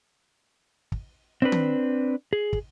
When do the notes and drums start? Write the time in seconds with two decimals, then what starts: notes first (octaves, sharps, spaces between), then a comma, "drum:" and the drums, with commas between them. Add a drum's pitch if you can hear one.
0.92 drum: kick
1.42 C4 D4 B4
1.52 drum: tom D#3
2.33 G#4
2.53 drum: kick